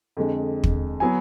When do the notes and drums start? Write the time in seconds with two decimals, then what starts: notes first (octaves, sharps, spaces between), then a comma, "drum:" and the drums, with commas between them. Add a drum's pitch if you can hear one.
0.17 F2 D3 G#3
0.64 drum: kick
1.00 F#3 B3 G#5